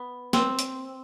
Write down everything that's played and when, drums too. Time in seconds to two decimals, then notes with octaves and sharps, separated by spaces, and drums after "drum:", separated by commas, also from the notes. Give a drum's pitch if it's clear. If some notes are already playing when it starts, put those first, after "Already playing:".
Already playing: B3
0.33 C4, drum: snare
0.59 drum: hi-hat